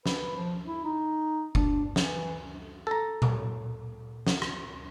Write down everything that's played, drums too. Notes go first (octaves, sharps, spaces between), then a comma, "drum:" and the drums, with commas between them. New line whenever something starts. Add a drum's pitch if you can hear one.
B4, drum: snare
F3
E4
D#4
D4, drum: kick F#1
E3, drum: snare
A4 A#5
drum: tom A#2
drum: snare
drum: rim click